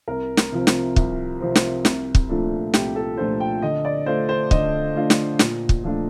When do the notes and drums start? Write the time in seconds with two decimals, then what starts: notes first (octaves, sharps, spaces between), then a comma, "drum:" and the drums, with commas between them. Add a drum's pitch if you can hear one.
0.08 C2 A#4
0.37 drum: snare
0.52 C3 F3 C4
0.67 drum: snare
0.96 C2, drum: kick
1.41 C3 F3 C4
1.55 drum: snare
1.85 C2, drum: snare
2.15 drum: kick
2.29 A#2 F3 A3 D4
2.74 C2 G4, drum: snare
2.96 A4
3.17 A#2 F3 A3 D4 C5
3.40 G5
3.62 D3 D#5
3.85 D5
4.06 A3 D4 F4 C5
4.29 C5
4.51 D3 D#5, drum: kick
4.95 A3 D4 F4
5.10 drum: snare
5.39 A#2, drum: snare
5.69 drum: kick
5.84 F3 A3 D4 F4